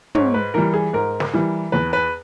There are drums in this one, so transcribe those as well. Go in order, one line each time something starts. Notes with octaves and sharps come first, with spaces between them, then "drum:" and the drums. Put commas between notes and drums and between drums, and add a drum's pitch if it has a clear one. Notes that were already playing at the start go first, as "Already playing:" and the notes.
G#2 C#5, drum: tom
B4
E3 G3 A#4
G#4
G#2 A#4
drum: snare
E3 G3
E2 B4
B4